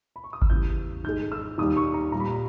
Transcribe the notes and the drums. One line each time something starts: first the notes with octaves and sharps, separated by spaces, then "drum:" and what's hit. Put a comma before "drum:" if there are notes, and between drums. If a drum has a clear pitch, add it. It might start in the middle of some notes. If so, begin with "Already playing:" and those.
B5
C#6
D#6
E6, drum: kick G#1
E2 C#3 G3 G6
G#2 D#3 G#3 G6
E6
D#2 D#3 G3 D#6
C#6
A#5
A#2 G3 A#5
B5
A#5